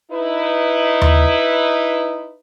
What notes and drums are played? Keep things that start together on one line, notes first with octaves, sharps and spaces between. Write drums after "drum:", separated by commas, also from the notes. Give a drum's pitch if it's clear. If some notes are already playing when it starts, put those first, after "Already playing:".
D#4 E4 B4
drum: tom D#2